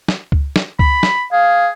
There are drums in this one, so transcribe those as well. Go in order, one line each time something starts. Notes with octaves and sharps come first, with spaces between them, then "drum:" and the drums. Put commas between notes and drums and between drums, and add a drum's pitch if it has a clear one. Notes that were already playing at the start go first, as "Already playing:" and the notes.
drum: snare
drum: kick C#2
drum: snare
B5, drum: kick C#2
drum: snare
G#4 F5